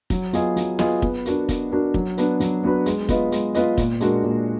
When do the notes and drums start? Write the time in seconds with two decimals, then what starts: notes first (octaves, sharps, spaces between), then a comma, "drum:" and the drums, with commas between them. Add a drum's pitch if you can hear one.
0.10 F#3, drum: kick, hi-hat
0.33 B3 F4 G#4 D#5, drum: hi-hat
0.56 F#3, drum: hi-hat
0.79 B3 F4 G#4 D#5, drum: snare
1.02 B3, drum: kick
1.26 D4 F#4 A#4, drum: hi-hat
1.49 B3, drum: kick, hi-hat
1.72 D4 F#4 A#4
1.94 F#3, drum: kick
2.18 B3 D4 F#4 B4, drum: hi-hat
2.40 F#3, drum: hi-hat
2.64 B3 D4 F#4 B4
2.86 G#3, drum: hi-hat
3.09 B3 F4 B4 D#5, drum: kick, hi-hat
3.32 G#3, drum: hi-hat
3.55 B3 F4 B4 D#5, drum: hi-hat
3.78 A#2, drum: kick, hi-hat
4.00 G#3 D4 F#4 A#4, drum: hi-hat
4.24 A#2